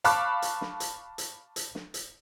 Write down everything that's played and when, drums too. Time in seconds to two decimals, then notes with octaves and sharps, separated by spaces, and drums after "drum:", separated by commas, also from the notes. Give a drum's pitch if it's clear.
0.04 F5 A5 B5 C#6 D6 F#6, drum: hi-hat
0.42 drum: hi-hat
0.61 drum: snare
0.80 drum: hi-hat
1.18 drum: hi-hat
1.56 drum: hi-hat
1.75 drum: snare
1.94 drum: hi-hat